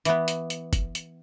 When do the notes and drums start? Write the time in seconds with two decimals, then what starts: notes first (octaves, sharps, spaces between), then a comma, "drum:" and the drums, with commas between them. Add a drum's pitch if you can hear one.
0.05 E3 B3, drum: hi-hat
0.28 drum: hi-hat
0.50 drum: hi-hat
0.73 drum: kick, hi-hat
0.95 drum: hi-hat